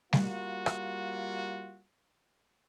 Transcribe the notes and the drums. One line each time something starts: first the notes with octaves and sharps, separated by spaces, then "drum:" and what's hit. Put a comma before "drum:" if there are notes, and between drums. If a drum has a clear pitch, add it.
G3 A#3 F4 F#4, drum: snare G3
drum: rim click